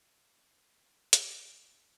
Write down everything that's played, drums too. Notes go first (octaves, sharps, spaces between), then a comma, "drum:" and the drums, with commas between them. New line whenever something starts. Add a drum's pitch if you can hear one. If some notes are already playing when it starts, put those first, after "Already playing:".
B3
A#3
A#3
drum: hi-hat
A3